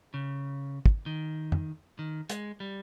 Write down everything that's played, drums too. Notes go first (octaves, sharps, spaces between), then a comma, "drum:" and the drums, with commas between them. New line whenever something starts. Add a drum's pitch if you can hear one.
C#3
drum: kick
D#3
drum: tom F2
D#3
G#3, drum: hi-hat
G3